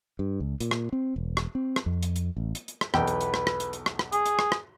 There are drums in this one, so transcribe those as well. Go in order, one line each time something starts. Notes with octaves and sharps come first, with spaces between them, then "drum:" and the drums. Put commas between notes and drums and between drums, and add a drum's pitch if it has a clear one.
G2
C#2
A#2, drum: hi-hat
drum: rim click
C4
E1
drum: rim click
C4
drum: rim click
F2
drum: hi-hat
drum: hi-hat
A1
drum: hi-hat
drum: hi-hat
drum: rim click
B1 E2 B4 G5, drum: rim click
drum: hi-hat
drum: hi-hat
drum: rim click
drum: rim click
drum: hi-hat
drum: hi-hat
drum: rim click
drum: rim click
G#4, drum: hi-hat
drum: hi-hat
drum: rim click
drum: rim click